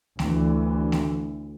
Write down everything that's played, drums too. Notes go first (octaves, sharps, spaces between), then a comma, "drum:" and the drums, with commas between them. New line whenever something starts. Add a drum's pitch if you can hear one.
D2 E3, drum: snare A3
drum: snare A3